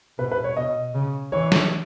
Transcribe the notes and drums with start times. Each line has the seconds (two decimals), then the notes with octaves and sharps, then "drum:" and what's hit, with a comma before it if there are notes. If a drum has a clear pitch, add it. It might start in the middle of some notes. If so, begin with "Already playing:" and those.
0.18 B2 B4
0.31 B4
0.44 C#5
0.57 B2 D#5
0.94 C#3
1.32 E3 C#5
1.52 drum: snare